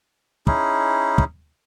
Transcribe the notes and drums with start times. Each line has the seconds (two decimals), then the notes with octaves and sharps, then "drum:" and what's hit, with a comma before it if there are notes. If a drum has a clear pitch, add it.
0.47 C#4 D#4 E4 G#4, drum: kick
1.18 drum: kick